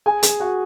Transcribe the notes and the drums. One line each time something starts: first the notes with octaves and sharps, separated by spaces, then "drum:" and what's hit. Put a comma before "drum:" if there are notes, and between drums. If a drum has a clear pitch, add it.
G#4 G#5
G#4 G#5, drum: hi-hat
F#4 F#5